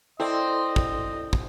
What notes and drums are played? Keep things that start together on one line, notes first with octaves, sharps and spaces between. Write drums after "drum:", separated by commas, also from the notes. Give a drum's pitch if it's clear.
C4 E4 A4 D5 D#5
drum: kick
drum: kick